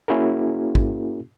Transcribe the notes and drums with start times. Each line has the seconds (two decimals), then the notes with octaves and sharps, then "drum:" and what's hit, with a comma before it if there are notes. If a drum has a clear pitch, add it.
0.08 A#3 C#4 E4 F#4 G#4 A#4
0.75 drum: kick